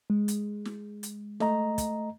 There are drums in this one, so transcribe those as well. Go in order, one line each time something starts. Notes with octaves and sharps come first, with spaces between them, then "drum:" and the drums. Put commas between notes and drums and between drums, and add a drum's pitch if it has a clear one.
G#3
drum: hi-hat
drum: snare
drum: hi-hat
A3 D#5 A#5, drum: snare
drum: kick, hi-hat